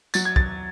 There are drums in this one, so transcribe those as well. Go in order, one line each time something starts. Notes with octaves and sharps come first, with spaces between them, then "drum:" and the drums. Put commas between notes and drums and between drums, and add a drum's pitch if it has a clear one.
F#3 A6, drum: tambourine
G#6
A6, drum: kick